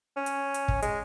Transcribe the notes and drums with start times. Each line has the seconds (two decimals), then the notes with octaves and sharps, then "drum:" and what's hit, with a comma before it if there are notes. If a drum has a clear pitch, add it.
0.16 C#4
0.26 drum: hi-hat
0.54 drum: hi-hat
0.68 drum: kick
0.82 G#3, drum: hi-hat